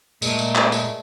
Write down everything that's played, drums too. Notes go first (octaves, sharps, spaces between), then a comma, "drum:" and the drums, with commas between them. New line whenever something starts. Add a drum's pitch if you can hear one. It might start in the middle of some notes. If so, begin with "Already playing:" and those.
A#2 G#3 A3 A#4 D5 D#5, drum: tambourine
drum: tambourine
drum: clap
drum: tambourine